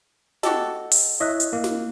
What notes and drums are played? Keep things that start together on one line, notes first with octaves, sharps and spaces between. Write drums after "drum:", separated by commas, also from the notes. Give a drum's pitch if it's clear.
F#4 G4 A4 D#5, drum: snare
drum: open hi-hat
E4 C#5 D#5 E5 F#6
drum: hi-hat
A#3
drum: snare